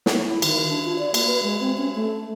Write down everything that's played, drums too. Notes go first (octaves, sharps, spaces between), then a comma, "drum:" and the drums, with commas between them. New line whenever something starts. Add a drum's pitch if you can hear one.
drum: snare
E4
D#3, drum: cymbal
D4
F4
D5
A#3, drum: cymbal
B4
G#3
C4
C#4
A3